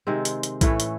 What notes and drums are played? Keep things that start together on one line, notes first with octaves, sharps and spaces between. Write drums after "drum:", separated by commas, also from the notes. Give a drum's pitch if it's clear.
C3 D#3 G#3 C4
drum: hi-hat
drum: hi-hat
A2 E3 A3 C#4, drum: kick, hi-hat
drum: hi-hat